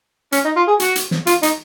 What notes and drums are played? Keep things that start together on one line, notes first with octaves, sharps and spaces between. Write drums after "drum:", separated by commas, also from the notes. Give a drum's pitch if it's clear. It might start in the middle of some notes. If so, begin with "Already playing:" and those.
C#4, drum: hi-hat
D#4
F4
G#4
F#4, drum: hi-hat
drum: hi-hat
drum: snare
F4, drum: hi-hat
D#4, drum: hi-hat